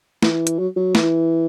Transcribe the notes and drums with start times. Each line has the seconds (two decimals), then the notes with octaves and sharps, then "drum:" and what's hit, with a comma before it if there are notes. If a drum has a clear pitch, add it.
0.23 E3, drum: snare
0.47 drum: hi-hat
0.59 F#3
0.76 F#3
0.95 E3, drum: snare